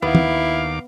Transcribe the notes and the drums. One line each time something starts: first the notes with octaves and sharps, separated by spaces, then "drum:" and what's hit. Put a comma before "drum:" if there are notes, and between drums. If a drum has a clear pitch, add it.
D#2 B3 E4 F5 D6
drum: tom